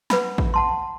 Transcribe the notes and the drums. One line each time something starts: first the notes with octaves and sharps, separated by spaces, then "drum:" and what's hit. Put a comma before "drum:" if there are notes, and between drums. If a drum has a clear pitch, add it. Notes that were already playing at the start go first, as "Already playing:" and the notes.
B4 F#5 B5, drum: snare
drum: kick A1
F#5 A5 C6